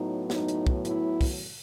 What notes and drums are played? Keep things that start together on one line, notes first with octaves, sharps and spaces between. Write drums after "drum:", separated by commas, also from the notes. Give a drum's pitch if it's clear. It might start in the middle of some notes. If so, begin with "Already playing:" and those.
Already playing: A2 F#3 B3 D#4
D#4, drum: snare
drum: hi-hat
drum: kick
E4, drum: hi-hat
drum: kick, open hi-hat